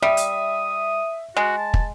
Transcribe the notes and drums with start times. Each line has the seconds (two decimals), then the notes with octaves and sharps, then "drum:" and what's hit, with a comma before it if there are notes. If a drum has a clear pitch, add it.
0.03 G3 E5 D#6
0.17 drum: hi-hat
1.37 G#3 F#4
1.58 A5
1.74 drum: kick